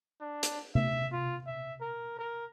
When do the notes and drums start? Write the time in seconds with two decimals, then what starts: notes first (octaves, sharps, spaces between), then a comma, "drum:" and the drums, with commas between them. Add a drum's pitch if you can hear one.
0.21 D4
0.43 drum: hi-hat
0.75 E5, drum: tom C3
1.12 F4
1.47 E5
1.81 A#4
2.18 A#4